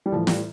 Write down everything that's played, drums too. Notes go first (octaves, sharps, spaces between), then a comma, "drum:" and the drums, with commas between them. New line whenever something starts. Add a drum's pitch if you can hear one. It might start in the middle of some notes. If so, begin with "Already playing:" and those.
G3
A2 E3 F3
G3, drum: snare